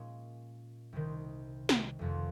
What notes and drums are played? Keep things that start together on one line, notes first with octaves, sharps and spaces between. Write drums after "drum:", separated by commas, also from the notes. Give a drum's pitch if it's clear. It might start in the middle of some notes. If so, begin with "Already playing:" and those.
Already playing: A#2 G#3 C#4
C2 C3 D#3
drum: snare
F1 F2 C3